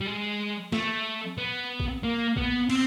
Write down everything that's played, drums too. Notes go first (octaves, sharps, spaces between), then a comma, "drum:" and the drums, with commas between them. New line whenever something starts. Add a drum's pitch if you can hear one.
G3
G#3
A3, drum: snare
B3
drum: kick A#1
A#3
B3, drum: kick A#1
C4, drum: cymbal